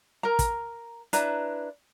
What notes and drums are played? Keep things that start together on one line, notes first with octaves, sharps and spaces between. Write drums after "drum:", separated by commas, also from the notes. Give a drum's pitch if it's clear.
A#4 A#5
drum: kick, hi-hat
D4 E4 B4 A#5, drum: hi-hat